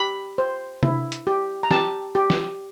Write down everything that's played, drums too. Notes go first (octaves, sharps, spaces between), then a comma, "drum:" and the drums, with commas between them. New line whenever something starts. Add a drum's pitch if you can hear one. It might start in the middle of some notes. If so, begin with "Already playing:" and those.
Already playing: G4 B5
C5
E4, drum: tom C3
drum: hi-hat
G4
A#5
G4 A5, drum: snare
G4
drum: snare